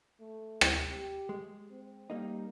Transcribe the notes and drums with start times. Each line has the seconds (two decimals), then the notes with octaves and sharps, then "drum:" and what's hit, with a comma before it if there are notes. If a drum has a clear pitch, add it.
0.20 A3
0.61 drum: rim click
0.91 G4
1.29 G#3
1.71 C4
2.10 G3 A#3 D#4